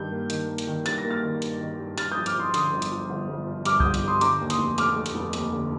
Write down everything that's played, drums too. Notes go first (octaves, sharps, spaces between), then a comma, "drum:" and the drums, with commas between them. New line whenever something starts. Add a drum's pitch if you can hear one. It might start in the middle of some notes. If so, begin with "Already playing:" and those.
Already playing: G2 D#3 G6
A#3
D#3, drum: hi-hat
A#3
drum: hi-hat
D#3
G2 A6, drum: hi-hat
A#6
A#3
F6 A6
D#3
G2, drum: hi-hat
D#3
G2
G2 F6 A6, drum: hi-hat
D#6 G6
F3
D6 F6, drum: hi-hat
F3 C6 D#6
D3 C6 D#6, drum: hi-hat
G1
drum: hi-hat
F3
G1
G1
F3
G2 D6 F6, drum: hi-hat
D#6 G6, drum: kick C2
G1
drum: hi-hat
G2 C6 D#6
D3 A#5 D6, drum: hi-hat
D#2
C6 D#6, drum: hi-hat
F1
A3 D6 F6, drum: hi-hat
A3
drum: hi-hat
F1
D#2, drum: hi-hat
D3